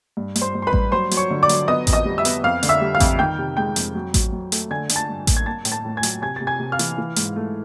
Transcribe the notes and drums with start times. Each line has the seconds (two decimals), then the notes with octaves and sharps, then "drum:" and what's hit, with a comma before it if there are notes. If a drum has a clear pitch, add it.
0.17 G2
0.36 G2, drum: hi-hat
0.42 C5 C6
0.55 G2
0.62 C6
0.67 B4 B5
0.73 G2, drum: kick A1
0.92 F#3 C5 C6
1.11 F#3, drum: hi-hat
1.17 C#5 C#6
1.31 D3
1.43 D5 D6
1.49 F#3, drum: hi-hat
1.68 B3 D#5 D#6
1.87 F2, drum: kick A1, hi-hat
1.93 D#5 D#6
2.05 G3
2.18 E5 E6
2.25 B3, drum: hi-hat
2.44 F2 F5 F6
2.63 D3, drum: hi-hat
2.69 E5 E6
2.81 G3
2.95 F5 F6
3.00 F2, drum: kick A1, hi-hat
3.19 D#3 G5 G6
3.38 C3
3.57 G#3 G5 G6
3.76 F2, drum: hi-hat
3.95 F#3
4.14 F#3, drum: kick A1, hi-hat
4.32 F#3
4.52 A3, drum: hi-hat
4.71 D3 G#5 G#6
4.89 D3, drum: hi-hat
4.96 A5 A6
5.09 G2
5.27 A#3, drum: kick A1, hi-hat
5.37 G#6
5.46 A#3 A5 A6
5.65 A2, drum: hi-hat
5.72 A5 A6
5.85 A2
5.97 G#5 G#6
6.03 F#3, drum: hi-hat
6.22 C3 G#5 G#6
6.36 C3 A6
6.47 G#5 G#6
6.60 C3
6.72 F5 F6
6.79 E3, drum: hi-hat
6.98 E3
7.16 G#2, drum: hi-hat
7.36 A3